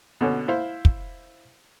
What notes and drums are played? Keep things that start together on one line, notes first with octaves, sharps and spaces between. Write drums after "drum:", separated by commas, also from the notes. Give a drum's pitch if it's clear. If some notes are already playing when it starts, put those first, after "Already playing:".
B2 D3 C#4
E4 C5 F5
drum: kick